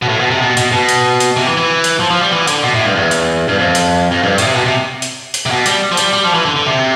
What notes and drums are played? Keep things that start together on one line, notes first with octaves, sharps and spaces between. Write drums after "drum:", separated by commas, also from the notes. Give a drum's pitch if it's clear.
B2
A2
B2
C3
B2
B2, drum: hi-hat
B2
drum: hi-hat
drum: hi-hat
C3
E3
E3
drum: hi-hat
F3
F3
G3
E3
D3, drum: hi-hat
B2
A2
G2
E2
drum: hi-hat
G2
F2
drum: hi-hat
F2
G2
A2, drum: hi-hat
C3
B2
C3
drum: hi-hat
drum: hi-hat
C3
B2
G3, drum: hi-hat
F3
G3, drum: hi-hat
G3
F3
E3
D3
D3
C3